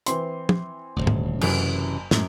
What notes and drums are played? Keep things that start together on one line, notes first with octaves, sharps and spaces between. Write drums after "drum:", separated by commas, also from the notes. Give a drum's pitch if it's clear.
E3 C4 C6, drum: hi-hat
drum: tom
D#1 G#1 D2
drum: tom
F#1 F#2 C3 E3 G#5, drum: cymbal
F#2 A2 F#3 G#3, drum: snare